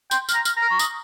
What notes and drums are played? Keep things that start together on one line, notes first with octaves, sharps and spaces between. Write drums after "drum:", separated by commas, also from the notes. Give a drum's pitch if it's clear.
G5 C6, drum: tambourine
F6, drum: tambourine
A#5
F6, drum: tambourine
A#5 F6
C#6
D#6, drum: tambourine